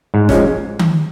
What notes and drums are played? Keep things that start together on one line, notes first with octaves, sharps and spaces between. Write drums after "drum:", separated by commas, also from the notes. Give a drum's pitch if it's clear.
G#2
F3 G#3 C#4, drum: snare E1
drum: tom D#3